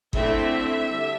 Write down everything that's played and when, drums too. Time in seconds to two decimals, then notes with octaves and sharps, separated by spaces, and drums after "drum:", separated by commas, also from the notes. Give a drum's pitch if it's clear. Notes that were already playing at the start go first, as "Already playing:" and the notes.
0.13 D3 A3 C4 E4 E5, drum: kick G1
0.88 D3 G3 D4